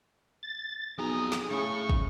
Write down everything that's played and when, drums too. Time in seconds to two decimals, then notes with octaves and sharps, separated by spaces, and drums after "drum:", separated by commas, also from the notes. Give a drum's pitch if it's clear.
0.43 A6
0.98 B1 F2 G#4 A#5 D#6
1.32 drum: snare
1.51 C#3 A3 E4 C#6
1.89 drum: kick